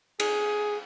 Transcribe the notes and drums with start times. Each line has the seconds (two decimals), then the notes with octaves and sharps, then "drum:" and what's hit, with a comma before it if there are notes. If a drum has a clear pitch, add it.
0.20 G#4, drum: cymbal